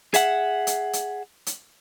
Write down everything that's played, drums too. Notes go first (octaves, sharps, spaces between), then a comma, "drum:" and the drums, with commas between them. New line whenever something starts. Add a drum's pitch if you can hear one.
G#4 E5 F#5, drum: hi-hat
drum: hi-hat
drum: hi-hat
drum: hi-hat